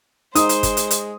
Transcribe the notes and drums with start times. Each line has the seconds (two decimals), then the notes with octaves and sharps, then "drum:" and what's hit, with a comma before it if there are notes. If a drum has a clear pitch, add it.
0.35 G#3 D#4 C5 D#6, drum: hi-hat
0.49 drum: hi-hat
0.63 drum: kick G1, hi-hat
0.77 drum: hi-hat
0.91 drum: hi-hat